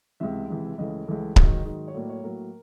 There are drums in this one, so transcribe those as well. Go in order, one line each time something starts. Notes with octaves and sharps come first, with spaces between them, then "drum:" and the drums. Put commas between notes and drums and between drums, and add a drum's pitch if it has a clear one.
C#2 C3 E3 E5
C#2 C3 E3
C#2 C#3 E3 A3 D#5
C#2 C#3 E3 A3
G#2 D#3 F#3, drum: kick C#1
G#2 D#3 F#3
C#5
A2 F#3 A#3 D5
C#5
A2 F#3 A#3 A#4